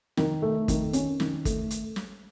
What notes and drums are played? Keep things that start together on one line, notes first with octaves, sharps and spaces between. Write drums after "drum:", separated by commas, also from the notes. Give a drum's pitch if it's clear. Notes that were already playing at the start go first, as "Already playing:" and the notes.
D#3, drum: snare
A3
D#3, drum: kick, hi-hat
C#4, drum: hi-hat
D#3, drum: snare
A3, drum: kick, hi-hat
drum: hi-hat
drum: snare